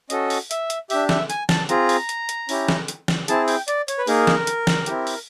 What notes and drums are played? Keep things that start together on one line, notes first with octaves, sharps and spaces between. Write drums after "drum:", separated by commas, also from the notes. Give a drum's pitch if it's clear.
C#4 F#4 A4 D#5, drum: hi-hat
drum: open hi-hat
E5, drum: hi-hat
drum: hi-hat
D4 G4 E5, drum: open hi-hat
E5, drum: snare
G#5, drum: hi-hat
A5, drum: snare
C4 F4 G#4 A#5, drum: hi-hat
drum: open hi-hat
drum: hi-hat
drum: hi-hat
C#4 E4 G4, drum: open hi-hat
drum: snare
drum: hi-hat
drum: snare
C4 E4 G#4 A5, drum: hi-hat
G5, drum: open hi-hat
D5, drum: hi-hat
C#5, drum: hi-hat
B4
A#3 D#4 G#4 A#4, drum: open hi-hat
drum: snare
drum: hi-hat
drum: snare
C4 E4 G4, drum: hi-hat
drum: open hi-hat